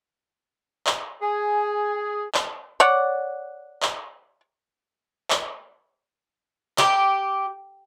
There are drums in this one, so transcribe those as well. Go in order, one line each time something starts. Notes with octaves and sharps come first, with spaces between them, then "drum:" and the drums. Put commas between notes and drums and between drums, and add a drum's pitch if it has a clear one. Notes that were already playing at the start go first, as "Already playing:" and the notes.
drum: clap
G#4 G#5
drum: clap
C#5 D5 F#5
drum: clap
drum: clap
G4, drum: clap